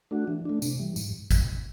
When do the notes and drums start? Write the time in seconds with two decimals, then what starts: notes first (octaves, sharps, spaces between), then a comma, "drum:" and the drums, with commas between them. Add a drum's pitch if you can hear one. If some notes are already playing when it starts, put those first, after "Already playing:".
0.11 A3 D4 F#4
0.28 E3
0.45 A3 D4
0.62 C3, drum: tambourine
0.79 E3 G3
0.96 G#2, drum: tambourine
1.31 drum: kick, tambourine